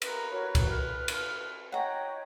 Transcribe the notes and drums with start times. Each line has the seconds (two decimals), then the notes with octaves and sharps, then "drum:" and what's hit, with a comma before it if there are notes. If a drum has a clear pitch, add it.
0.02 A#4 B4, drum: cymbal
0.31 F#4 A#4 C#5
0.55 drum: kick C2, cymbal
0.70 F6
1.08 drum: cymbal
1.72 C#5 D#5 F#5 G5 A#5